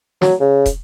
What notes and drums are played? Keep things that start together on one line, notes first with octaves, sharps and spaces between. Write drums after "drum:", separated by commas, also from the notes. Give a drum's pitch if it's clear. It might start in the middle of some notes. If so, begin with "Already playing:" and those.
F#3, drum: snare
C#3
drum: kick, hi-hat